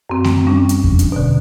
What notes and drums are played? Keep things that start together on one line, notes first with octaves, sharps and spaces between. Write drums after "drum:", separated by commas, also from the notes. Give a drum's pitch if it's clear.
F#2 C4
drum: snare A3
G3 C#4 D4
drum: hi-hat
drum: kick E2
drum: hi-hat
B2 D3